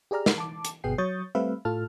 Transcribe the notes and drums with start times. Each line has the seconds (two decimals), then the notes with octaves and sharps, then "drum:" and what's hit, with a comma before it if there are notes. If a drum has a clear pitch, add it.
0.11 G4 G#4 D5 A#5 F6
0.26 drum: snare
0.38 A5 D6
0.65 drum: hi-hat
0.84 G1 B2 B3 G#4 G5 C7
0.98 F#3 C#5 C#6 D#6 G6 A6
1.35 G3 A3 C4 B4 E5 F5
1.65 A2 F4 A4 A5 F6